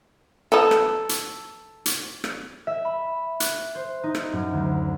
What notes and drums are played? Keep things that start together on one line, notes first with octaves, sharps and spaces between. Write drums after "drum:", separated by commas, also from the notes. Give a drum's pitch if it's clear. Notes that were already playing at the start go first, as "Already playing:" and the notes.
F3 B3 D#4 A4
drum: rim click
drum: hi-hat
drum: hi-hat
drum: rim click
E5
B5
F#6, drum: hi-hat
C5
D#4
drum: rim click
F#2
D2